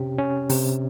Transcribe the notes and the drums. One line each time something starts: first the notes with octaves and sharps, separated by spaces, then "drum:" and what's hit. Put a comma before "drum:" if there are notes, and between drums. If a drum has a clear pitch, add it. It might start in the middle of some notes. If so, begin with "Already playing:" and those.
Already playing: C3 C#4 G4
C#4
C3, drum: open hi-hat